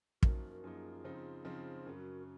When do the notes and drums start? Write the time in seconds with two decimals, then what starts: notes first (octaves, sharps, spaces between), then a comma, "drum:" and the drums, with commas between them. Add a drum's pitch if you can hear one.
0.23 F#2 F3 A#3 D#4 F#4 A#4, drum: kick
0.64 F#2 F3 A#3 D#4 F4 G#4
1.04 C#3 F3 C4 D#4
1.45 C#3 F3 C4 D#4
1.85 F#2 C#3 F#3 F#4 A#4